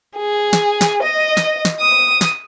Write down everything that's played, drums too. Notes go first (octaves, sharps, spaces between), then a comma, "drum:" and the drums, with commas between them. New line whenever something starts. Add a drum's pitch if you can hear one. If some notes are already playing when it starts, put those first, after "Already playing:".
G#4
drum: snare
drum: snare
D#5
drum: snare
drum: snare
D#6
drum: snare